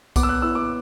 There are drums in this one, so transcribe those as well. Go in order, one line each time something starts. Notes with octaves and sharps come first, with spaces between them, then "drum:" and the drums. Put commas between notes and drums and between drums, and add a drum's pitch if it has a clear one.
B3 D6, drum: kick, tambourine
E6
F#6
E4 E6
D6